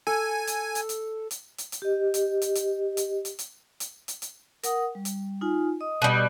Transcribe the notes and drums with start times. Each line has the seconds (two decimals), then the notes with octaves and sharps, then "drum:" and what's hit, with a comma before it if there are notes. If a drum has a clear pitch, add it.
0.07 A4 G#5
0.47 drum: hi-hat
0.75 drum: hi-hat
0.89 drum: hi-hat
1.31 drum: hi-hat
1.58 drum: hi-hat
1.72 drum: hi-hat
1.82 G4 D#5
2.14 drum: hi-hat
2.42 drum: hi-hat
2.55 drum: hi-hat
2.97 drum: hi-hat
3.25 drum: hi-hat
3.39 drum: hi-hat
3.80 drum: hi-hat
4.08 drum: hi-hat
4.22 drum: hi-hat
4.63 A#4 F#5 D#6, drum: hi-hat
4.95 G3
5.05 drum: hi-hat
5.41 D#4 F4 G#5
5.81 D#5 D#6
6.02 B2 G3